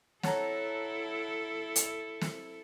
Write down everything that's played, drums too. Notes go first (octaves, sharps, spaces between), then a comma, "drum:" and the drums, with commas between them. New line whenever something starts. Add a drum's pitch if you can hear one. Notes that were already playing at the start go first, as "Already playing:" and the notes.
E4 A4 C#5 F#5 A5 A#5, drum: snare
drum: hi-hat
drum: snare